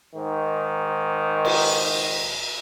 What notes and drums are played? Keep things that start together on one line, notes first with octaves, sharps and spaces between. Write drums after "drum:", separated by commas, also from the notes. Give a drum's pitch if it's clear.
G#2 D#3
drum: cymbal